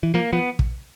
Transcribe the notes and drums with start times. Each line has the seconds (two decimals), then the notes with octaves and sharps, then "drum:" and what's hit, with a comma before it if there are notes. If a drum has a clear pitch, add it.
0.03 E3
0.14 F3 A#3
0.33 F3 B3
0.59 drum: kick